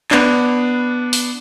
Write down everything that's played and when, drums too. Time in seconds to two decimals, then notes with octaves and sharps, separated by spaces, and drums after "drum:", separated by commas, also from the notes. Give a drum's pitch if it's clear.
0.11 B3 D4, drum: clap
1.13 drum: open hi-hat